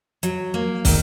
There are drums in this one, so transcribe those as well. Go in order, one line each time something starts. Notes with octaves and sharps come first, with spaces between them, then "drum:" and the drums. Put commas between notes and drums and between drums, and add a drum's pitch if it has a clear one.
F#3, drum: hi-hat
A#3
D#3, drum: kick, open hi-hat